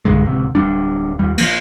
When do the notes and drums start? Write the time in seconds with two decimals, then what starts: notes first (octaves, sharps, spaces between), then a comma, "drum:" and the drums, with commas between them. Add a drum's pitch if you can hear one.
0.05 B1 G2 D3 G#3
0.25 D1 G#2 C3
0.55 D1 D2 G3 D4
1.19 D#2 G3
1.38 F3 A#3, drum: cymbal